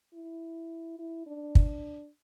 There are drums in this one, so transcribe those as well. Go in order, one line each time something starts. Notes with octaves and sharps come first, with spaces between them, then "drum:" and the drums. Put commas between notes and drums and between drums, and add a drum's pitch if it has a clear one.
E4
E4
D4
drum: kick